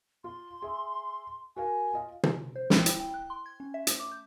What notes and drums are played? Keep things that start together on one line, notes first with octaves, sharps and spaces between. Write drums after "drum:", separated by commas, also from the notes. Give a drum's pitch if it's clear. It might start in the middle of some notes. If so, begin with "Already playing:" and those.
F4 C6
G#4 E5
F#4 A#4 F5 G#5
F4 D#5 F5
drum: tom
C5
G5, drum: snare
E4, drum: hi-hat
G5
F#6
C6
G#6
C#4
E5
A3, drum: hi-hat
D6
G6